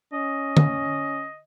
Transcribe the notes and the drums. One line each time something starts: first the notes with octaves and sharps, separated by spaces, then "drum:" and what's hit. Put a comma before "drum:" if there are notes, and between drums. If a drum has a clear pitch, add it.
C#4 D#5
drum: tom D3